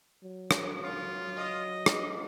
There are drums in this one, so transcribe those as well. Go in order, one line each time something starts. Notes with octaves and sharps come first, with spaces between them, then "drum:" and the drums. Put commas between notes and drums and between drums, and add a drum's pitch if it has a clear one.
F#3
drum: rim click
F4
D#5
drum: rim click